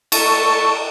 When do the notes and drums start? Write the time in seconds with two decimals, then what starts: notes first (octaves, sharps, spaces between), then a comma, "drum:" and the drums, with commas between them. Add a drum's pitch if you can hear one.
0.12 A4 C#6, drum: cymbal